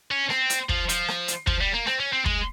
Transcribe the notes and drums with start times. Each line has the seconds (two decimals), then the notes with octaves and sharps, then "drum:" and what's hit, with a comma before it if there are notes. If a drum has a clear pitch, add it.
0.11 C#4
0.30 C4, drum: rim click
0.50 drum: hi-hat
0.69 F3, drum: kick
0.89 F3, drum: hi-hat
1.08 drum: rim click
1.28 drum: hi-hat
1.47 F3, drum: kick
1.61 G3
1.74 A#3
1.87 C4, drum: rim click
2.00 C#4
2.13 C4
2.26 G#3, drum: kick